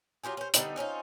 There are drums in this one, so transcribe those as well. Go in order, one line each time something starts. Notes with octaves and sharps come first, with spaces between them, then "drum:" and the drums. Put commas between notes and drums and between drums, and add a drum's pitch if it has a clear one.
F#3 F4 G4 G#4
C#4 C5
D3 G3 B3 D#4, drum: hi-hat
C4 C#4 D#4 F4